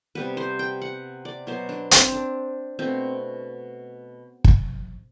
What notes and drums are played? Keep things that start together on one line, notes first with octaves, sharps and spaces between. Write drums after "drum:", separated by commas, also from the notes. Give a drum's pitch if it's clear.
C3 G3 B3 B4
C5
G5
F#5
D5
B2 F#3 B3 C5
D4
C4, drum: hi-hat
D4
B2 A3 C4
drum: kick